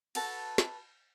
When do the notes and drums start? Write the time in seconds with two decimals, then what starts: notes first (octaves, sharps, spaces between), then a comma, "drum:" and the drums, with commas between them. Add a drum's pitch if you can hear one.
0.15 F#4 A4 B4 A5, drum: cymbal
0.58 drum: snare